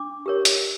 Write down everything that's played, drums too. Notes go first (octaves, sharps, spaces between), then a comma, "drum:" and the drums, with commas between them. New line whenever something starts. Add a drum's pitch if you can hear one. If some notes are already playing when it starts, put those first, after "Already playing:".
Already playing: D4 D6
G4 A#4 C#5
drum: hi-hat